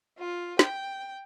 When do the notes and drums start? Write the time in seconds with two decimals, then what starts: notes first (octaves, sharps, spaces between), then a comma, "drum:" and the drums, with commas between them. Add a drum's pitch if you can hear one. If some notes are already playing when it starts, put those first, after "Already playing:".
0.17 F4
0.59 G5, drum: snare